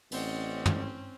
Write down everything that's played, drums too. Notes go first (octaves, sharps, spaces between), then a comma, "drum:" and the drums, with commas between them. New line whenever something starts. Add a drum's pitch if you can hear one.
A1 C4 C#4 D5 D#5 F#5, drum: open hi-hat
drum: tom